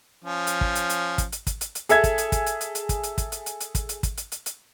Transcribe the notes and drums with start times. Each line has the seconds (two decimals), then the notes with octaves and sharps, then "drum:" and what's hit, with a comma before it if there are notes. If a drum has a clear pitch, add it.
0.24 F3 C#4
0.47 drum: hi-hat
0.61 drum: kick
0.75 drum: hi-hat
0.90 drum: hi-hat
1.18 drum: kick, hi-hat
1.32 drum: hi-hat
1.47 drum: kick, hi-hat
1.61 drum: hi-hat
1.75 drum: hi-hat
1.89 G#4 A4 E5 G#6, drum: hi-hat
2.04 drum: kick, hi-hat
2.18 drum: hi-hat
2.32 drum: kick, hi-hat
2.46 drum: hi-hat
2.61 drum: hi-hat
2.75 drum: hi-hat
2.89 drum: kick, hi-hat
3.03 drum: hi-hat
3.18 drum: kick, hi-hat
3.32 drum: hi-hat
3.46 drum: hi-hat
3.60 drum: hi-hat
3.75 drum: kick, hi-hat
3.89 drum: hi-hat
4.03 drum: kick, hi-hat
4.17 drum: hi-hat
4.32 drum: hi-hat
4.46 drum: hi-hat